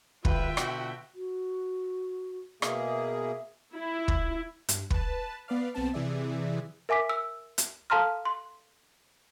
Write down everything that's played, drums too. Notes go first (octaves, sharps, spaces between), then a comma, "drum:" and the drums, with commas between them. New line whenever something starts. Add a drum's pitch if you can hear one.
D#1 G#1 E2 F4 B4 E5 G5, drum: kick
B2 D3 F#4, drum: rim click
F#4
B2 A#3 G#4 E5, drum: rim click
E4
drum: kick
G2, drum: hi-hat
B4 A5, drum: kick
B3 B4 D5 F5
B1 B3 C4 A5
C3 E3 G#4 D5 E5
A#4 E5 G#5 D6 B6
E6
drum: hi-hat
A4 F5 A5 A#5 C6 F6
C6